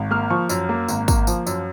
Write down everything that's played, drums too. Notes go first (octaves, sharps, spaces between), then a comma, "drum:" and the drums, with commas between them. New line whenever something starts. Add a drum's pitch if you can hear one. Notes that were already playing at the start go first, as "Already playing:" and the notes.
Already playing: G#1
A#3 F6
F3 C#6
F#2 A#5, drum: tambourine
A#3
G#1, drum: tambourine
A#3, drum: kick, tambourine
F3, drum: tambourine
F#2, drum: tambourine